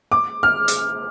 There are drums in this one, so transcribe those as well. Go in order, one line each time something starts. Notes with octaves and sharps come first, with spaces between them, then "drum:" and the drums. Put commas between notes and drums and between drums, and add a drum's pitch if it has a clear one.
D6
F6
drum: hi-hat